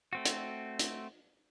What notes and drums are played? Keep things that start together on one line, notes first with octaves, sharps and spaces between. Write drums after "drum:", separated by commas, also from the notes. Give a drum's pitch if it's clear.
A3 C4 F#4
drum: hi-hat
drum: hi-hat